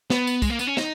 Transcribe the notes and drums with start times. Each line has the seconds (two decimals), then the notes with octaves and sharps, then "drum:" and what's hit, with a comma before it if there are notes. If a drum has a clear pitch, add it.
0.10 B3, drum: snare
0.27 drum: tambourine
0.42 G#3, drum: kick, tambourine
0.50 A#3
0.59 B3, drum: tambourine
0.67 C#4
0.77 D#4, drum: snare